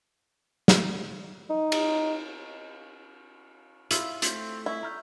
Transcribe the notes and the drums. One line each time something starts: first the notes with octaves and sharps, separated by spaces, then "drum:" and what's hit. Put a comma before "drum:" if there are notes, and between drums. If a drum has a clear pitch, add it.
drum: snare
D#4
drum: cymbal
E4 F4, drum: hi-hat
A3 C4, drum: hi-hat
C#4 E4
A3 A#5 F6 G6